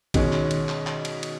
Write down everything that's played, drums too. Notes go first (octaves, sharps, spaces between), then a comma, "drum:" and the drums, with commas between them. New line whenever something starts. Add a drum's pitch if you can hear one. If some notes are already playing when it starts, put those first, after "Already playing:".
B2 D#3 G#3 C#4, drum: kick A#1, cymbal
drum: clap
drum: cymbal
drum: clap
drum: clap
drum: cymbal
drum: cymbal